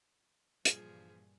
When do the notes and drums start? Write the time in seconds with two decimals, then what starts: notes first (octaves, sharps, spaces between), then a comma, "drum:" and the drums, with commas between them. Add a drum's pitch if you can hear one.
0.65 G2 A#2 E3 F3 G#4, drum: hi-hat